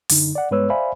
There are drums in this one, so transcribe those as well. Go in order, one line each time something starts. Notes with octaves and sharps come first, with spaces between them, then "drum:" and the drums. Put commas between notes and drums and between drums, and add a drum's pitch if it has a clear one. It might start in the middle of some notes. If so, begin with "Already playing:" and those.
F#2 D3 D#4, drum: open hi-hat
D5 F#5
G2 G#3 B3 B4 C#5 E6
C5 D5 E5 F5 G#5 B5